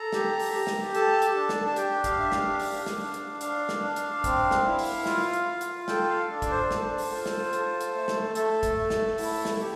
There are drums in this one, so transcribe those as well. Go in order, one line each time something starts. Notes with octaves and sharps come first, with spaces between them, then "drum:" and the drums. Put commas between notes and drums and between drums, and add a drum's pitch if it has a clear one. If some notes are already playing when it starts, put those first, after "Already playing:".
Already playing: A4 A#5
G4, drum: snare
drum: open hi-hat
G4
drum: snare
A4 A5, drum: hi-hat
drum: hi-hat
D4
drum: snare
A5
G4 G5, drum: hi-hat
F5, drum: kick, hi-hat
D4 E5
F5, drum: snare
D4, drum: open hi-hat
drum: snare
D4
drum: hi-hat
D4 F5, drum: hi-hat
drum: snare
D4
drum: hi-hat
C4, drum: kick, hi-hat
drum: snare
E4
drum: open hi-hat
F4, drum: snare
drum: hi-hat
F4
drum: hi-hat
A4 G5, drum: snare
F5
D4
D5, drum: kick, hi-hat
C5
A4, drum: snare
drum: open hi-hat
F4
drum: snare
A4, drum: hi-hat
drum: hi-hat
A3
drum: snare
A3 A4, drum: hi-hat
drum: kick, hi-hat
A3
drum: snare
E4, drum: open hi-hat
drum: snare
G4